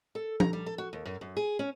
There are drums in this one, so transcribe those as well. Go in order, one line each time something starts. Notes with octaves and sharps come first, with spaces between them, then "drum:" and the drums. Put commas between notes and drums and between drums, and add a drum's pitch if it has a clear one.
A4
A#5, drum: tom F3
G3
A4
F#4
D#2
F#2
F#2
G#4
C#4